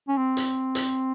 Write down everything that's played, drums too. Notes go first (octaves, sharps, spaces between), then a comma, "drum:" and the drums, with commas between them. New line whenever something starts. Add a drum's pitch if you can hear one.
C#4
C4
drum: hi-hat
drum: hi-hat